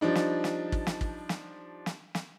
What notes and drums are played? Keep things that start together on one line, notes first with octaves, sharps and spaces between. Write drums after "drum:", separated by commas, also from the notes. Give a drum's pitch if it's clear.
F3 G3 D4 D#4
drum: snare
drum: snare
drum: kick
drum: snare
drum: kick
drum: snare
drum: snare
drum: snare